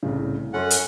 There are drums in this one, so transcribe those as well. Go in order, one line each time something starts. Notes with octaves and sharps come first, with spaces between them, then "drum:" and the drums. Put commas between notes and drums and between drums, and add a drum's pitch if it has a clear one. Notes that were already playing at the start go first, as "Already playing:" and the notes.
C2 A2 C#3
F#2 C#4 A4 F#5 C6
drum: hi-hat